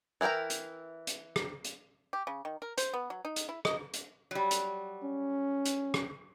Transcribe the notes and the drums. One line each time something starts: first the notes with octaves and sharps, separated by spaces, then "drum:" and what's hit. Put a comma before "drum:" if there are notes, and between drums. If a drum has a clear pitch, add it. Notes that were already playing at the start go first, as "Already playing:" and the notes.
E3 E4 A#4 G5 A#5
drum: hi-hat
drum: hi-hat
drum: rim click
drum: hi-hat
G4
C#3
D#3
A#4
C5, drum: hi-hat
B3
F#3
D#4
drum: hi-hat
E4
D#5, drum: rim click
drum: hi-hat
F#3 G3
drum: hi-hat
C#4
drum: hi-hat
drum: rim click